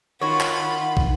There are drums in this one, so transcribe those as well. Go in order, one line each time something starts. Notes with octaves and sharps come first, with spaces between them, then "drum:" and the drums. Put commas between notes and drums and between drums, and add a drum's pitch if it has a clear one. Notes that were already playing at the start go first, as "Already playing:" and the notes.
D#3 F4 F#4 C#5 F#5 B5
drum: clap
drum: kick